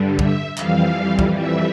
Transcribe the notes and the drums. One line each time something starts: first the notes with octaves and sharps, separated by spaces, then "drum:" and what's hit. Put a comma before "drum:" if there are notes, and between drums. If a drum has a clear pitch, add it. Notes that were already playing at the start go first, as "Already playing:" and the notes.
Already playing: G2 D3 G3
E5, drum: kick
F2 E3 G3 F5, drum: clap
drum: kick
E5